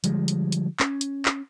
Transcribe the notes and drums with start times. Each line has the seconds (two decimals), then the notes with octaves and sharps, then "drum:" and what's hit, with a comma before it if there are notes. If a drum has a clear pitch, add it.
0.04 D3 F3 G3 G#3, drum: hi-hat
0.28 drum: hi-hat
0.52 drum: hi-hat
0.80 C#4, drum: clap
1.01 drum: hi-hat
1.25 drum: clap